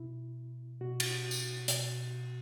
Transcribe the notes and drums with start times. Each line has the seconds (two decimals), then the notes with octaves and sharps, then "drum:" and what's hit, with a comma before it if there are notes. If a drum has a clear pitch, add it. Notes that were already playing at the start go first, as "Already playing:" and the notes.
Already playing: B2 E4
0.81 B2 F#4
1.00 drum: cymbal
1.31 drum: tambourine
1.68 B2, drum: hi-hat